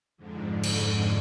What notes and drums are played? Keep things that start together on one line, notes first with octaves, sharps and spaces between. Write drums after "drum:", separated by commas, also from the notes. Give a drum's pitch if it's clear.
F2 G#2 D3
drum: cymbal